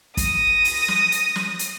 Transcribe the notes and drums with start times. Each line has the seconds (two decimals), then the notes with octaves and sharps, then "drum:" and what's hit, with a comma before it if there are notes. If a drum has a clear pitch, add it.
0.17 D#6 A#6, drum: kick, hi-hat
0.65 drum: open hi-hat
0.88 drum: snare
1.12 drum: hi-hat
1.35 drum: snare
1.59 drum: hi-hat